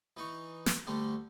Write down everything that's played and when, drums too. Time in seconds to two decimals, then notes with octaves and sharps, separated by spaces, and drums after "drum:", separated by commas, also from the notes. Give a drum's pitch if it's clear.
0.17 E3 D#4 C#6
0.66 drum: snare
0.87 D2 D3 G3 A3